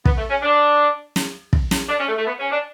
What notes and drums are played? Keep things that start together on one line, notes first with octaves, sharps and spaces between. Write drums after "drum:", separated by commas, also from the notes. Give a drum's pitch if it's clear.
B3, drum: kick
A3
C#4
D4
drum: snare
drum: kick
drum: snare
D4
C#4
A3
A3
B3
C#4
D4